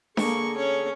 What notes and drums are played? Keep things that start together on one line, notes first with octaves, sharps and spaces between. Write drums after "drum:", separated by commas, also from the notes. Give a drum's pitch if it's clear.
D3 A#3 G#4 A4 C#6, drum: snare D4
C#4 C#5